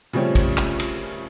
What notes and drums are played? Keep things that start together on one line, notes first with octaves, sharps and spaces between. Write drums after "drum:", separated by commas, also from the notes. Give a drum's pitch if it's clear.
C#3 F3 G3 A3 C4 C#4
drum: kick, cymbal
drum: clap
drum: cymbal